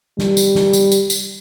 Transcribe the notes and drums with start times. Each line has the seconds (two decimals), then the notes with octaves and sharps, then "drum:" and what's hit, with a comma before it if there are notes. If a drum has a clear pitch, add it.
0.19 G3, drum: snare
0.37 drum: tambourine
0.55 drum: snare
0.73 drum: tambourine
0.92 drum: tambourine
1.10 drum: tambourine